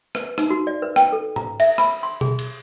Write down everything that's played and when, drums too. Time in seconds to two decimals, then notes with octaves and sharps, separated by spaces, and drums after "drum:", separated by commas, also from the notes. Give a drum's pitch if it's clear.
0.15 B4, drum: rim click
0.38 D#4, drum: rim click
0.50 F#4
0.67 D5
0.82 B4
0.96 G5, drum: rim click
1.13 A4
1.36 A#5, drum: tom G#2
1.60 E5, drum: cymbal
1.78 B5, drum: rim click
2.03 C6
2.21 G#4, drum: tom B2
2.39 drum: cymbal